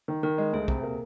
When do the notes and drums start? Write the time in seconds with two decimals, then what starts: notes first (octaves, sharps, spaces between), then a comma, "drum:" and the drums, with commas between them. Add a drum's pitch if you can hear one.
0.08 D#3
0.23 D#3 A#4
0.38 G#3
0.53 D2 G#4
0.68 C3, drum: kick
0.83 A#3